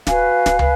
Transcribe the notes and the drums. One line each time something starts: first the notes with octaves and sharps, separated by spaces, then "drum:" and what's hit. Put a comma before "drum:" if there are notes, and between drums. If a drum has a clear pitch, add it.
F#4 B4 F5 G#5, drum: snare
drum: snare
B4, drum: tom